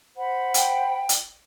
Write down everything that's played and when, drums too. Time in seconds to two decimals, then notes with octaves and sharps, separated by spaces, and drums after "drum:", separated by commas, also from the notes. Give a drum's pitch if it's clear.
0.16 C5 F#5 B5
0.54 G5, drum: hi-hat
1.09 drum: hi-hat